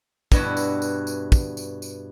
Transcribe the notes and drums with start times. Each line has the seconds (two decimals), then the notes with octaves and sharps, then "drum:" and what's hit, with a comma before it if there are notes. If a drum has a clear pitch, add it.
0.32 G2 B2 E4 F#4, drum: kick, tambourine
0.57 drum: tambourine
0.82 drum: tambourine
1.07 drum: tambourine
1.32 drum: kick, tambourine
1.57 drum: tambourine
1.82 drum: tambourine